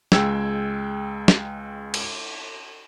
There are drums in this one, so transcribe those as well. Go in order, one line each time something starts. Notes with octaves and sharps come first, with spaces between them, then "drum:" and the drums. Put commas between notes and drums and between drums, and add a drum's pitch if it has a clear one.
C#2 G#3 G5 E6 G#6, drum: snare
drum: snare
drum: cymbal